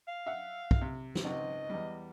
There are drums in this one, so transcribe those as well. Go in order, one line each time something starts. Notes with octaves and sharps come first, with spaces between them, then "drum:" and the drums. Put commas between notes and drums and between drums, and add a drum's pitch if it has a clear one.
F5
E5 F#5
drum: kick
C3
drum: snare
C#2 G#2 C4 D#5
E2 G3